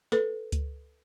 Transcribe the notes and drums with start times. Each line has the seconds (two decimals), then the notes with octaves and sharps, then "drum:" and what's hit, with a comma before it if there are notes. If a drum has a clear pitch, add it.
0.12 A4 B4, drum: snare
0.52 drum: kick C#2, hi-hat